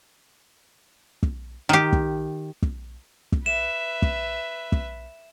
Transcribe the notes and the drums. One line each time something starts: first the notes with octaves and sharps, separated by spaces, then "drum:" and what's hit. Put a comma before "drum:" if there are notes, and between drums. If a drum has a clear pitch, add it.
drum: kick
D#3 G4
drum: kick
drum: kick
drum: kick
B4 E5 E7
drum: kick
drum: kick